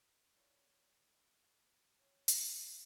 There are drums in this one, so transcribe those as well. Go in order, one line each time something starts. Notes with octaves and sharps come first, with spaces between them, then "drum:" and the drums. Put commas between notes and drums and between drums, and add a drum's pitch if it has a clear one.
E3 A#3 C#5 D5
G#4
G4 C#5
F#5, drum: hi-hat